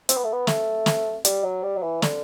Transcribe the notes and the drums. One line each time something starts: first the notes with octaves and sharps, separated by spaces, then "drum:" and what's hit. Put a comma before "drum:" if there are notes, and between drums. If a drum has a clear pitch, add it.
C4, drum: hi-hat
B3
A3
B3
A3, drum: snare
drum: snare
G3, drum: hi-hat
F#3
G3
F#3
E3
D3, drum: snare